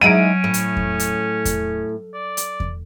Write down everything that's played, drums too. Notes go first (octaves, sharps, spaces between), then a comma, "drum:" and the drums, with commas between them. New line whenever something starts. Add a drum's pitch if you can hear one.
F#3 G#3 C#4 D#4 E4 D7 D#7
A2
drum: hi-hat
drum: kick E2
drum: hi-hat
drum: kick E2, hi-hat
D5
drum: hi-hat
drum: kick E2